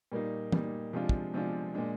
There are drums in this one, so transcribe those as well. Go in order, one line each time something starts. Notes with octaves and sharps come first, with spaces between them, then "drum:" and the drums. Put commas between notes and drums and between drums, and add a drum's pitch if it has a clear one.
A#2 G3 A#3 D#4
A#2 G3 A#3 D#4, drum: tom
C3 F3 G#3 D4 F4
drum: kick
C3 F3 G#3 D4 F4
A#2 G#3 D4